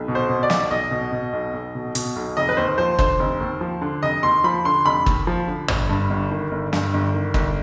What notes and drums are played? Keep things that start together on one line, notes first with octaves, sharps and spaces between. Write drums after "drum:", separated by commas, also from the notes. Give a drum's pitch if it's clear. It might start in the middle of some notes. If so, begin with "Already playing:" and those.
Already playing: B1
B2
C5
B2
D5
B1, drum: snare
B1 D#5
B2
B2
B1
B1
B2
B2, drum: hi-hat
B1
F1 D#5
B4
D#2 C5
F3 C5
D3 C5, drum: kick
F1
D#2
F3
D3
F1 D#5
D#2 C6
F3 B5
D3 C6
F1 B5
D#2, drum: kick
F3
D3
G1, drum: tom G#1
G2
G1
D#3
G1
G2, drum: snare
G1
D#3
G1, drum: kick